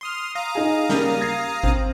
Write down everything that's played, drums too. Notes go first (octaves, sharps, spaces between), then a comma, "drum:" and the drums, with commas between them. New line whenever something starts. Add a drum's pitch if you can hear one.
C6 D#6 F6
F5 A#5 D#6
D#4 G#4
C#3 G3 A#3, drum: snare
G#6 A#6 C7
C4, drum: kick G#1